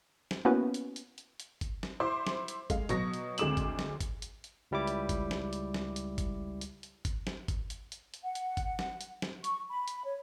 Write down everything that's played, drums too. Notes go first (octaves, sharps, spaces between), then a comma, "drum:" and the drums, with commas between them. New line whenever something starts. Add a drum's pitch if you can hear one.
drum: snare
A#3 B3 C#4 E4 F#4 B4
drum: hi-hat
drum: hi-hat
drum: hi-hat
drum: hi-hat
drum: kick, hi-hat
drum: snare
E4 C5 C6 D6
drum: snare
drum: hi-hat
G#3 F5, drum: kick, hi-hat
B2 F#3 C#6 A#6, drum: hi-hat
drum: hi-hat
D2 G#3 C4 D6 E7 F#7, drum: hi-hat
drum: kick, hi-hat
drum: snare
drum: kick, hi-hat
drum: hi-hat
drum: hi-hat
C#2 G3 E4 D6
drum: hi-hat
drum: kick, hi-hat
drum: snare
drum: hi-hat
drum: snare
drum: hi-hat
drum: kick, hi-hat
drum: hi-hat
drum: hi-hat
drum: kick, hi-hat
drum: snare
drum: kick, hi-hat
drum: hi-hat
drum: hi-hat
drum: hi-hat
F#5
drum: hi-hat
drum: kick, hi-hat
drum: snare
drum: hi-hat
drum: snare
C#6, drum: hi-hat
B5
drum: hi-hat
C#5